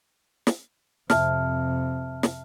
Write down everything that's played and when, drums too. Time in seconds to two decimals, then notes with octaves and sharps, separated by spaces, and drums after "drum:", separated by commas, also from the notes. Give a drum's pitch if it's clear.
0.47 drum: snare
1.10 F2 C3 E5 A5 F6, drum: snare
2.23 drum: snare